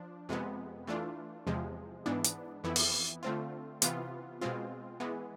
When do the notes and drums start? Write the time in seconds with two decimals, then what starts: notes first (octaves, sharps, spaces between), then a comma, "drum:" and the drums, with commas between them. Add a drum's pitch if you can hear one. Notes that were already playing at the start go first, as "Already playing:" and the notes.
Already playing: F3 D4
0.29 F2 C3 G#3 B3
0.87 E3 A3 D4 F4
1.47 E2 C3 F3 G#3
2.06 G#2 E3 B3 D4
2.24 drum: hi-hat
2.64 F2 E3 B3 E4
2.76 drum: open hi-hat
3.23 D3 A3 C4 F4
3.82 C3 E3 B3 F4, drum: hi-hat
4.41 B2 G#3 C4 F4
5.00 E3 G#3 B3